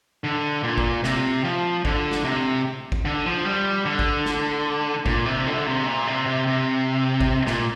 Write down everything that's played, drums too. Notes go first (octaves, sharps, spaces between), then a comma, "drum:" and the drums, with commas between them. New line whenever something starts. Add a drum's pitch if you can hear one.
D3
A#2
drum: kick
C3, drum: snare
F3
D3, drum: kick
drum: snare
C3
drum: kick
D3
F3
G3
D3
drum: kick
drum: snare
A#2, drum: kick
C3
D3
C3
A#2
C3
C3
C3
drum: kick
A#2, drum: snare